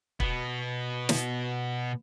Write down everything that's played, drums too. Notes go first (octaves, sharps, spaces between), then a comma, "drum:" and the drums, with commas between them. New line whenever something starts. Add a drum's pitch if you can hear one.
B2 B3, drum: kick
drum: snare